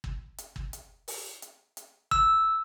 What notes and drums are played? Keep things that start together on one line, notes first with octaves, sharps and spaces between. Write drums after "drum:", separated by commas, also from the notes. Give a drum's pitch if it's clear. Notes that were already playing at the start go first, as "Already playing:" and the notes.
drum: kick G1
drum: hi-hat
drum: kick G1
drum: hi-hat
drum: open hi-hat
drum: hi-hat
drum: hi-hat
E6, drum: kick G1